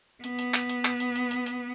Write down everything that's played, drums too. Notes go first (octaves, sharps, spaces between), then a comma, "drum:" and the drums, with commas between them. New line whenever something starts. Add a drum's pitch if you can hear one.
B3, drum: hi-hat
drum: hi-hat
drum: clap
drum: hi-hat
drum: clap
drum: hi-hat
drum: hi-hat
drum: hi-hat
drum: hi-hat